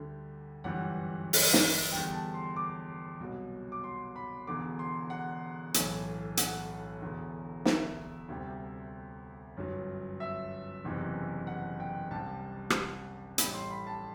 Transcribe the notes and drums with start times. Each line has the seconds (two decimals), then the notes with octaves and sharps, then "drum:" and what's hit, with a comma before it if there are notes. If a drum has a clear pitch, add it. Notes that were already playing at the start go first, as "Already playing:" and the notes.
Already playing: D2 D3 G3
0.64 G1 F#2 E3 G3 F#5
1.33 drum: open hi-hat
1.53 drum: snare
1.92 E2 D3 G3 G5
2.13 A5
2.34 C6
2.56 D6
3.20 C2 B2 F#3
3.72 D6
3.84 C6
4.16 B5
4.47 E1 E2 D3 D6
4.79 C6
5.10 F#5
5.74 B1 A2 E3, drum: hi-hat
6.37 F#5, drum: hi-hat
7.01 E1 E2 D3
7.65 E5, drum: snare
8.28 D2 C3 G3
9.57 G1 F#2 F#3
10.20 E5
10.84 F#1 E2 C3 E3
11.47 F#5
11.80 G5
12.11 C2 C3 G3 A5
12.70 drum: rim click
13.38 A1 A2 G3 B5, drum: hi-hat
13.54 C6
13.71 B5
13.87 A5